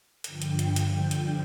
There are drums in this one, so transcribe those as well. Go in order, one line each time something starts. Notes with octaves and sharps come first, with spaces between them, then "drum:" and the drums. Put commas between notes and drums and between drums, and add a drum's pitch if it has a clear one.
G2 D3 F3 G5, drum: hi-hat
drum: hi-hat
drum: hi-hat
drum: hi-hat
drum: hi-hat